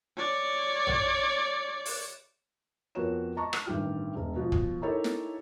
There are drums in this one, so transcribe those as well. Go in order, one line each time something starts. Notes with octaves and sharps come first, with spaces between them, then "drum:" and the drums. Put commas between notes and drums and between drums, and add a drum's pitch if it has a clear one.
C#5 D5
drum: tom A#1
drum: open hi-hat
F2 B3 F#4 A#4 C#5 E7
D#5 A5 A#5 C#6
drum: rim click
A1 G2 D#3 G4 F6
E1
B2 F3
drum: kick
D#4 E4 G4 A4 A#4 C#5
drum: snare